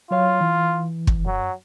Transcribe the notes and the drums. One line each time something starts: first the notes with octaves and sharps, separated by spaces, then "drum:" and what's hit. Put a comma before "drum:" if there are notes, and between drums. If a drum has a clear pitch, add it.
F#3 F4 C#5 F5
E3
drum: kick
F#2 F#3